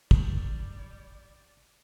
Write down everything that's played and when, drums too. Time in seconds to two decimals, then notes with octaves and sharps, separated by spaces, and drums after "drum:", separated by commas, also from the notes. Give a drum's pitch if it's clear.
0.11 G3 D4 G4 A4 D5 C#6, drum: kick